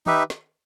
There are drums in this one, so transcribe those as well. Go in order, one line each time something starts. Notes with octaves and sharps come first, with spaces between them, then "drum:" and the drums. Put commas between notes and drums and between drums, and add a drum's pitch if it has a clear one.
D#4 G4 B4 E5, drum: tom D#3
drum: snare